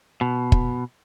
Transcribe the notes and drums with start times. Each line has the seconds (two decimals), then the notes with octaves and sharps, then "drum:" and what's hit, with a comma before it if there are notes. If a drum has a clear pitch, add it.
0.21 B2
0.52 drum: kick